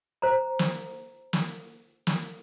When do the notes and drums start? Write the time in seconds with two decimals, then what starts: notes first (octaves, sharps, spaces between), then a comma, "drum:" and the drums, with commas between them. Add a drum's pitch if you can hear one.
0.22 C5 A#5
0.59 drum: snare
1.33 drum: snare
2.07 drum: snare